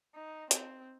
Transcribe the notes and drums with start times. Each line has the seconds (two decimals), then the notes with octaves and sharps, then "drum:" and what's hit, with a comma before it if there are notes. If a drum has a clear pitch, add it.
0.15 D#4
0.51 C4, drum: hi-hat